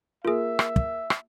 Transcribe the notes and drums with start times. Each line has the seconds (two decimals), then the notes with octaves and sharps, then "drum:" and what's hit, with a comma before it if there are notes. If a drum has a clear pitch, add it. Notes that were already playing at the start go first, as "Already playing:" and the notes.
0.25 A#3 F4 G#4 E5
0.59 drum: rim click
0.76 drum: kick
1.10 drum: rim click